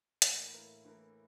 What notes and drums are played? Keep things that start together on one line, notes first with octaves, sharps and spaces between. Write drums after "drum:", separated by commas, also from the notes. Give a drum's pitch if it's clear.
A2 E3 A#3 E4 A#4, drum: hi-hat
A2 E3 A#3 E4 A#4
A2 E3 A#3 E4 A#4